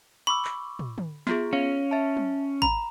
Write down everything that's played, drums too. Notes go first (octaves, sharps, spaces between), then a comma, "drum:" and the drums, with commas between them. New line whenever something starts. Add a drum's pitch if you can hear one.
B5 C#6 D6 E6
drum: clap
drum: tom
drum: tom
B3 F4 G#4, drum: snare
C#4 F5
E5 A5
drum: tom
A#5 B5, drum: kick G#1